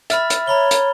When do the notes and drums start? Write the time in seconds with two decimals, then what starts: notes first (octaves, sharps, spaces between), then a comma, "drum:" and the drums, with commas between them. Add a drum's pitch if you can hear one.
0.10 E5 B5 F6 A6, drum: hi-hat
0.30 drum: hi-hat
0.47 C#5 A#5 B5 G7
0.71 drum: hi-hat